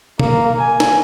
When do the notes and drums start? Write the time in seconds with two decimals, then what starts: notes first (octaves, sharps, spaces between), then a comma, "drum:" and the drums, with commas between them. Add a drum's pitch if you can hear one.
0.20 A#3, drum: tom
0.58 G#5
0.80 drum: snare